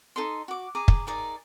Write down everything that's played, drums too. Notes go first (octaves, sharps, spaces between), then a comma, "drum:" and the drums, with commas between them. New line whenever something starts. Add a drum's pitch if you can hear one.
D#4 A4 D#5 C6
F#4 D6
G#4 G#5 A#5 D6
drum: kick
D#4 G#4 A#4 D5